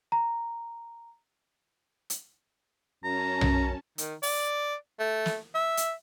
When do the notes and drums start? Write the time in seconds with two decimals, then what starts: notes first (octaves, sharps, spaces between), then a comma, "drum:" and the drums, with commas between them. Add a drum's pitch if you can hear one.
0.12 A#5
2.10 drum: hi-hat
3.04 F#2 C#4 A5 A#5
3.41 drum: tom B1
3.98 D#3, drum: hi-hat
4.23 D5, drum: open hi-hat
4.99 A3
5.26 drum: snare
5.55 E5
5.77 drum: hi-hat